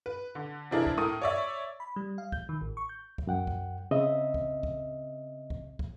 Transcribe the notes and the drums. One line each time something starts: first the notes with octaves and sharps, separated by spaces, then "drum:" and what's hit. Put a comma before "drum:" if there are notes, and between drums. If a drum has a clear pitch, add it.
B4
D3
C3 E3 D4 E4 G#4 A#4
drum: kick
A2 A4 A#4 D#6 D#7
C#5 D5 E5
B5
G3
F5
G6, drum: kick
D#3
A1
C#6
G6
drum: kick
F#2 F#5 G5
drum: kick
C#3 C4 D#5 E5
drum: kick
drum: kick
drum: kick
drum: kick